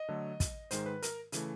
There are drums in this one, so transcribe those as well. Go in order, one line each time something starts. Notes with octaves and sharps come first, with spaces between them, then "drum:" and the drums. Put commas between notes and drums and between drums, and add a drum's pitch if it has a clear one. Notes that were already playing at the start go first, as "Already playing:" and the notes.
Already playing: D#5
D3 F#3 A3
drum: kick, hi-hat
G#2 D#3 G#3 C5, drum: hi-hat
B4
A#4, drum: hi-hat
C#3 E3 A3, drum: hi-hat